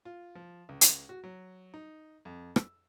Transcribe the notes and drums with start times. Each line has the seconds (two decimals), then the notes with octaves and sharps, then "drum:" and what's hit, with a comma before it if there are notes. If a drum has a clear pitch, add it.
0.05 F4
0.35 F3
0.69 C#2
0.81 drum: hi-hat
1.09 F#4
1.24 F#3
1.74 D#4
2.25 F2
2.56 E6, drum: rim click